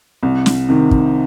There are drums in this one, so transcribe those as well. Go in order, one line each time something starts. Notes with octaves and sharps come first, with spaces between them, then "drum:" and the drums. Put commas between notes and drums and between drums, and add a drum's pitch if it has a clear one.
C2
drum: snare
C3 D#3
drum: kick